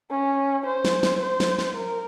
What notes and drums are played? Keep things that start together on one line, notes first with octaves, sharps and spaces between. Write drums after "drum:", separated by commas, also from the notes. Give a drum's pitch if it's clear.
C#4
C5
drum: snare
drum: snare
C5
drum: snare
drum: snare
A#4